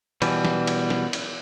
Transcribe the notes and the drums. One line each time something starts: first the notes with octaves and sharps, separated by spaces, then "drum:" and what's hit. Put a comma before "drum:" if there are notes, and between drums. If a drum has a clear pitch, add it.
B2 E3 G3, drum: cymbal
drum: snare
drum: cymbal
drum: snare
drum: cymbal